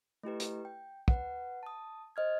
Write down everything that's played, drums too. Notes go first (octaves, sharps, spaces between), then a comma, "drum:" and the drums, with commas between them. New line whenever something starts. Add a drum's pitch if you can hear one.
A3 E4 G4 B4
drum: hi-hat
G5
B4 F#5, drum: kick
A5 D#6
C5 D#5 F6 G#6